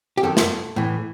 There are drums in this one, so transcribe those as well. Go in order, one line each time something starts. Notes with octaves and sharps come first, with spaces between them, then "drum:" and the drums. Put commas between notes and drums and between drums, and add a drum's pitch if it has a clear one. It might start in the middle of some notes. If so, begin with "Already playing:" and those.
G4
F#2 D#3 A4
drum: snare
A2 E3